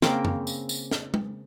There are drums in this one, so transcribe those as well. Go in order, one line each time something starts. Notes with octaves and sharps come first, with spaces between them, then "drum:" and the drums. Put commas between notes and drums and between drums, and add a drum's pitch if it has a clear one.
C#3 A#3 C4 D6, drum: snare
drum: tom F#2
drum: tambourine
drum: tambourine
drum: snare
drum: tom G#3